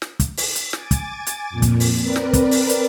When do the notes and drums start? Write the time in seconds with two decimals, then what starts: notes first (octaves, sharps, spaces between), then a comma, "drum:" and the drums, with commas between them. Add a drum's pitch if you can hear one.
0.02 drum: snare
0.20 drum: kick, hi-hat
0.37 drum: open hi-hat
0.55 drum: hi-hat
0.73 G#5 D6 A6, drum: snare
0.91 drum: kick, hi-hat
1.27 drum: hi-hat
1.50 F2 A#2
1.62 drum: kick, hi-hat
1.80 drum: open hi-hat
2.02 C4 A#4 B4 D5
2.16 drum: snare
2.33 drum: kick, hi-hat
2.51 drum: open hi-hat
2.69 drum: hi-hat